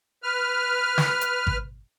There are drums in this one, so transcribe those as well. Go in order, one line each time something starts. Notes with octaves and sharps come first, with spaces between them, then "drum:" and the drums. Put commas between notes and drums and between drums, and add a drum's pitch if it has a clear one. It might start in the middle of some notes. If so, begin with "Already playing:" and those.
B4 F6
drum: snare
drum: hi-hat
drum: kick G#1